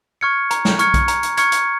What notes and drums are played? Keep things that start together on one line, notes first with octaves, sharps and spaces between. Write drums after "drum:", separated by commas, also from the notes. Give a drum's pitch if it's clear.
C#6 F6 G#6 C#7
A#5, drum: hi-hat
drum: snare
C#6 F6 G#6 C#7, drum: hi-hat
drum: kick B1, hi-hat
A#5, drum: hi-hat
drum: hi-hat
C#6 F6 G#6 C#7, drum: hi-hat
drum: hi-hat